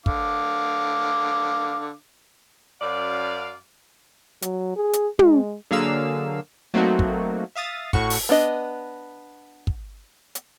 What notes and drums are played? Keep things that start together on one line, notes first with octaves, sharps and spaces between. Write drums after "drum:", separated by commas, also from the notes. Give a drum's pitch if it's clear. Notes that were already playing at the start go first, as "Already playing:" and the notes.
D3 F5 D6, drum: kick
F#2 D5 F5
F#3, drum: hi-hat
G#4
drum: hi-hat
G#3, drum: tom
D3 F#3 A#3 G#4 F5 E6
F#3 A3 A#3 C4 D#4 F#4
drum: kick
E5 F5 D#6 A6
A2 F#4 C#6, drum: kick
drum: open hi-hat
B3 D4 D#5
drum: kick
drum: hi-hat